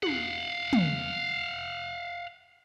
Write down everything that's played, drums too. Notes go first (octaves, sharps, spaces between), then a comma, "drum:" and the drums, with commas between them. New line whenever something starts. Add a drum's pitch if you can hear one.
F5 F#5, drum: tom
drum: tom